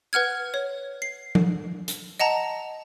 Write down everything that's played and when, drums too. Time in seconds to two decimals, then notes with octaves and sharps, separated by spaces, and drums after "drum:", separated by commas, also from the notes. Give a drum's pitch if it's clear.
0.13 B4 F#5 F6 G#6
0.54 C#5
1.02 C7
1.35 drum: tom F3
1.88 drum: hi-hat
2.19 D#5 F#5 A5 A#5